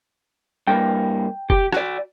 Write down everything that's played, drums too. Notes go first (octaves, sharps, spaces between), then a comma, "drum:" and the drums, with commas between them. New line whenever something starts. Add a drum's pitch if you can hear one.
G2 A#3 G5
G4, drum: kick F1
F#4 D5, drum: rim click